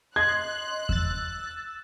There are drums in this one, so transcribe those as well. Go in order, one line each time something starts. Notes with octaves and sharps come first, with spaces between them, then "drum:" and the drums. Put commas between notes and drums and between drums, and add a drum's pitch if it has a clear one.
D#5 C6 F#6 G#6
E6 A6, drum: kick E2